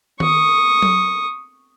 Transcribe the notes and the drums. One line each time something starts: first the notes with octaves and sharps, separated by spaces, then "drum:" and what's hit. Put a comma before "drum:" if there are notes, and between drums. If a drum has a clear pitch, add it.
C#6 D#6, drum: tom D#3
drum: tom F#3